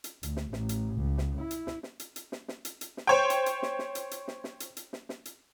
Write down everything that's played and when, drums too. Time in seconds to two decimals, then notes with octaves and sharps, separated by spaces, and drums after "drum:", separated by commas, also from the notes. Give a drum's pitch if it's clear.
0.04 drum: hi-hat
0.23 D2, drum: hi-hat
0.37 drum: snare
0.53 A1, drum: snare
0.69 drum: hi-hat
0.96 C#2
1.18 drum: snare
1.41 E4
1.51 drum: hi-hat
1.67 drum: snare
1.83 drum: snare
2.00 drum: hi-hat
2.16 drum: hi-hat
2.32 drum: snare
2.48 drum: snare
2.65 drum: hi-hat
2.81 drum: hi-hat
2.97 drum: snare
3.07 C5 C#5 G5
3.30 drum: hi-hat
3.46 drum: hi-hat
3.62 drum: snare
3.79 drum: snare
3.95 drum: hi-hat
4.11 drum: hi-hat
4.28 drum: snare
4.44 drum: snare
4.60 drum: hi-hat
4.77 drum: hi-hat
4.93 drum: snare
5.09 drum: snare
5.25 drum: hi-hat